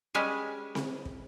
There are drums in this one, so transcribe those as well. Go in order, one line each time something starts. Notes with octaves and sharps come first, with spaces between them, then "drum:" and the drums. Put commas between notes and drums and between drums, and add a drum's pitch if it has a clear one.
G3 G#3 C#4 B4
drum: snare C4
drum: kick